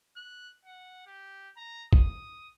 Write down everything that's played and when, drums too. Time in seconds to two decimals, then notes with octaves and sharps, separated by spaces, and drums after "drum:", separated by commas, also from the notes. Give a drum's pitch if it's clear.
0.16 F#6
0.65 F#5
1.06 G4
1.57 A#5
1.93 D#6, drum: kick